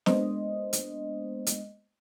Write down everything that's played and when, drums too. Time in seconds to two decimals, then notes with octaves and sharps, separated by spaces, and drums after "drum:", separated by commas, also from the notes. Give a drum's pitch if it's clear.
0.06 G#3 A#3 B3 D4 C5 D#5, drum: snare
0.73 drum: hi-hat
1.47 drum: hi-hat